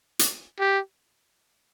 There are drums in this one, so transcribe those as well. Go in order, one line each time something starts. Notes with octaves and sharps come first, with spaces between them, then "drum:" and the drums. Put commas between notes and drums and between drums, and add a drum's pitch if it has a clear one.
drum: hi-hat
G4